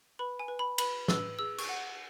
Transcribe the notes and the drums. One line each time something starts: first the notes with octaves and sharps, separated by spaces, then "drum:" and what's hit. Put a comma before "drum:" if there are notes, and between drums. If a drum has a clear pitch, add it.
B4 B5
G#5
B4
B5
B4 B5, drum: cymbal
B4 E6, drum: snare
G#4 E6
C#6, drum: cymbal
F#5